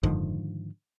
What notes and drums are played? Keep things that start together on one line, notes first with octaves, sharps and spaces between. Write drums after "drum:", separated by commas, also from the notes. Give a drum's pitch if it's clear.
G#2 D3 D#3 F3, drum: kick F#2